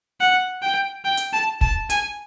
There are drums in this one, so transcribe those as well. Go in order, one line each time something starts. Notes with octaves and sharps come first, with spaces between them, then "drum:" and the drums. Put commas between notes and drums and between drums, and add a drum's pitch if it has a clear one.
F#5
G5
G5
drum: hi-hat
A5
A5, drum: kick
G#5, drum: hi-hat